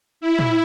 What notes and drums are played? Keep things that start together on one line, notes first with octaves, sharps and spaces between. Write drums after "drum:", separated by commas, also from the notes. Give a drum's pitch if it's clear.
E4
drum: tom